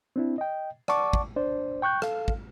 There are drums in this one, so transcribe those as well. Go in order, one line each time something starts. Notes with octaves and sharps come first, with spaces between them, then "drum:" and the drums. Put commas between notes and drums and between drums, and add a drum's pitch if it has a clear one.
C4 D4 E4
D#5 G5
D5 F#5 A5 C#6 D6, drum: rim click
drum: kick
D4 C5 D5
G5 C#6 F#6 G6
A4 F5, drum: rim click
drum: kick